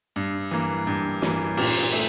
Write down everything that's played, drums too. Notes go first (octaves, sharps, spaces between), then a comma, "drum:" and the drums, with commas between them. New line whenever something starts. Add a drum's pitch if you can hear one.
G2
E3 A#3
G2
E3 A#3, drum: snare
A#2, drum: cymbal
A3